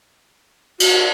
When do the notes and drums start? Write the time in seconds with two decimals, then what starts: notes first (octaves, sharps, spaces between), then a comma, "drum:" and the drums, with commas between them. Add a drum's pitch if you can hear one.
0.80 F#4, drum: cymbal